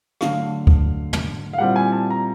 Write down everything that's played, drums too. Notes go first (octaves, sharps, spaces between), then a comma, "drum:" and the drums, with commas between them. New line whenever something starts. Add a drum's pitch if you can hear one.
D3 F#3 A3 F5, drum: rim click
drum: kick D2
drum: tom
F5
A#2 G3 C4 E4 F#5
G#5
A5
A#5